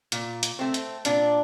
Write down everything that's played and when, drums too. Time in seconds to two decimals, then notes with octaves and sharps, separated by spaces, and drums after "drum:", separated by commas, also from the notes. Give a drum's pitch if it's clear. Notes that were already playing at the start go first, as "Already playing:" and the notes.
0.12 A#2, drum: hi-hat
0.43 drum: hi-hat
0.59 A3 C4
0.74 drum: hi-hat
1.05 A#2 D4, drum: hi-hat